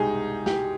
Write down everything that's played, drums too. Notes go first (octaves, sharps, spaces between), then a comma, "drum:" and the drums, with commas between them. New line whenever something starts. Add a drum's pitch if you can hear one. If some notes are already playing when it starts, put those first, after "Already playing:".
Already playing: C2 B2 G#3 D#4 G4 G#4
G4, drum: snare